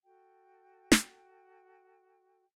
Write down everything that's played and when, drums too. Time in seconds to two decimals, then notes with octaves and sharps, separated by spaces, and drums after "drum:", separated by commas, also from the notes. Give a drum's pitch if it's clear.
0.04 F#4 A4 G5
0.92 drum: snare